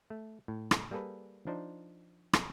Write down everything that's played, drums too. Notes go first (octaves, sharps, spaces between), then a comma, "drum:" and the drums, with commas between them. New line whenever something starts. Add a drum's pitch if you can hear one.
A3
A2
drum: rim click
G3 A#3 G#4 A4 B4
F3 D4 D#4 C5
drum: rim click